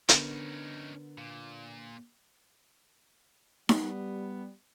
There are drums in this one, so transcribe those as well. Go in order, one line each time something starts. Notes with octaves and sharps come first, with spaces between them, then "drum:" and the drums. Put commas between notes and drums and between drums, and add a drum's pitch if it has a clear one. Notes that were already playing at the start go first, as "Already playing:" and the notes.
D3 B3 C#4 D#4 A#4, drum: hi-hat
A#2
G3 B3, drum: snare D#4